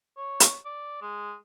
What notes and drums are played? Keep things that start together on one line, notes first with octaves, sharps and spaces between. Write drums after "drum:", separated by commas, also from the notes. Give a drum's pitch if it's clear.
C#5
drum: hi-hat
D5
G#3